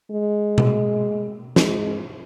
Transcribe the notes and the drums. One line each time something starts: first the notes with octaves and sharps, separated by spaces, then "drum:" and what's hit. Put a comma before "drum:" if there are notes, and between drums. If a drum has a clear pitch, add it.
G#3
drum: tom B2
G#3, drum: snare